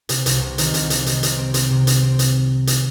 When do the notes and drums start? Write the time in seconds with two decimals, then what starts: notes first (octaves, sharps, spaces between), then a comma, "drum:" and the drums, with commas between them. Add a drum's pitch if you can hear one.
0.09 C3, drum: hi-hat
0.26 C2, drum: hi-hat
0.42 C3
0.58 D#3, drum: hi-hat
0.74 C2, drum: hi-hat
0.90 D#3, drum: hi-hat
1.06 D#3, drum: hi-hat
1.23 C3, drum: hi-hat
1.38 C4
1.54 C4, drum: hi-hat
1.71 C3
1.87 C4, drum: hi-hat
2.02 C4
2.19 drum: hi-hat
2.67 drum: hi-hat